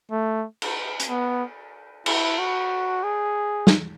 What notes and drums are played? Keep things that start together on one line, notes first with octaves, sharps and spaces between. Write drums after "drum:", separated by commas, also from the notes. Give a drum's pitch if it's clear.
A3
drum: cymbal
drum: hi-hat
B3
E4, drum: cymbal
F#4
G#4
drum: snare